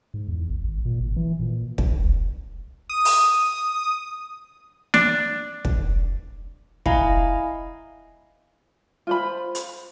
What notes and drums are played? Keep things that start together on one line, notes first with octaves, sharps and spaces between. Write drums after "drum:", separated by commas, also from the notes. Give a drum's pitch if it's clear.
G#2
E2
G#1
G#1
A#2
G#1
E3
A#2
G1, drum: kick
C2
D#6
drum: open hi-hat
D4, drum: snare
drum: kick
E4 D#5 F5 G#5 A#5, drum: kick
F4 C5 B5
drum: hi-hat